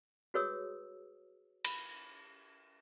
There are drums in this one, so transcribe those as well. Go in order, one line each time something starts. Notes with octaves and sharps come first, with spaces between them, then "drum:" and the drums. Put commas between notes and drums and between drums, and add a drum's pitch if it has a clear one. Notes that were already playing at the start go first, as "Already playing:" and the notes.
F#4 G#4 B4 C#5 D#6 E6
B5, drum: cymbal